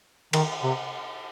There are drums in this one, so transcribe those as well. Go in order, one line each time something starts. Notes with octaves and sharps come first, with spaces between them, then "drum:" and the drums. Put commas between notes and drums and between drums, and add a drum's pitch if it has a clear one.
D#3, drum: cymbal
C3